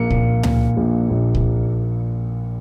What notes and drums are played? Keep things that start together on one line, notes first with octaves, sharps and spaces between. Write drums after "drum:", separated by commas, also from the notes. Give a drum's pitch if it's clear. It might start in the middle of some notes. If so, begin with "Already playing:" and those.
Already playing: A#1 A#3 C#7
A#2, drum: kick C2
A#2, drum: tom C#2
A#1
A#1
drum: kick C2